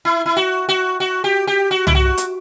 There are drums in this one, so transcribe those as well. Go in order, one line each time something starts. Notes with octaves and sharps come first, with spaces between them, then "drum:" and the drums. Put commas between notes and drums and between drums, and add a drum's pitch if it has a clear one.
E4
E4
F#4
F#4
F#4
G4
G4
F#4
E4, drum: tom C2
F#4
drum: hi-hat